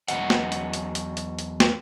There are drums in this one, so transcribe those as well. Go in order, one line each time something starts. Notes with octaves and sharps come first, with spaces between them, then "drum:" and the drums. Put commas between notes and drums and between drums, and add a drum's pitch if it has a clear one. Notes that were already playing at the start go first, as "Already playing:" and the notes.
E2 F#3 D#5 F#5, drum: hi-hat
drum: snare
drum: hi-hat
drum: hi-hat
drum: hi-hat
drum: hi-hat
drum: hi-hat
drum: snare